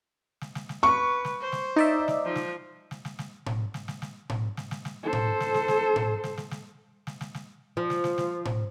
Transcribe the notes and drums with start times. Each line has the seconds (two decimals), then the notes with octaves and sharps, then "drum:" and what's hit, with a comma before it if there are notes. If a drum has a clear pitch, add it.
0.41 drum: snare
0.55 drum: snare
0.69 drum: snare
0.83 B4 C#6
1.25 drum: snare
1.42 C5
1.52 drum: snare
1.76 D#4 D5 E5
2.08 drum: snare
2.25 F3
2.35 drum: snare
2.91 drum: snare
3.05 drum: snare
3.19 drum: snare
3.46 drum: tom A2
3.74 drum: snare
3.88 drum: snare
4.02 drum: snare
4.30 drum: tom A2
4.57 drum: snare
4.71 drum: snare
4.85 drum: snare
5.03 A4 C5
5.13 drum: tom A2
5.40 drum: snare
5.54 drum: snare
5.68 drum: snare
5.96 drum: tom A2
6.24 drum: snare
6.37 drum: snare
6.51 drum: snare
7.07 drum: snare
7.21 drum: snare
7.35 drum: snare
7.77 F3
7.90 drum: snare
8.04 drum: snare
8.18 drum: snare
8.45 drum: tom A2